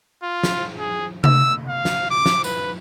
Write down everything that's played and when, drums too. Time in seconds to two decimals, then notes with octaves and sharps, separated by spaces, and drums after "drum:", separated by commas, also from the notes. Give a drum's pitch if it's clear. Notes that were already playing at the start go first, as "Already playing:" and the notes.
0.23 F4
0.43 drum: snare
0.79 G#4
1.24 E6, drum: tom C3
1.68 F5
1.85 drum: snare
2.11 D6
2.26 drum: snare
2.44 B4, drum: tambourine